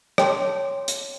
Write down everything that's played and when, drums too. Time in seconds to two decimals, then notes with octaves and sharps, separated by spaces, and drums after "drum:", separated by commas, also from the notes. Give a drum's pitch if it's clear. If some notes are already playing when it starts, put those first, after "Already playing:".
0.18 C#5 G5 A5 C6 D6, drum: rim click
0.88 drum: hi-hat